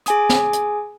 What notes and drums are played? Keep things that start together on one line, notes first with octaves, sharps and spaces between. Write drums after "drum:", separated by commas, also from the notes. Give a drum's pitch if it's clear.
G#4 G#5 D#6, drum: hi-hat
drum: snare
drum: hi-hat